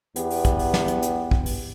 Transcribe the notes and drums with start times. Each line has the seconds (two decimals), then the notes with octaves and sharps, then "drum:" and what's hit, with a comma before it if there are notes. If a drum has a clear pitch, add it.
0.16 E2 B3 G4, drum: hi-hat
0.30 drum: open hi-hat
0.45 drum: kick, hi-hat
0.59 drum: open hi-hat
0.74 drum: snare
0.88 drum: hi-hat
1.03 drum: hi-hat
1.31 drum: kick
1.46 drum: open hi-hat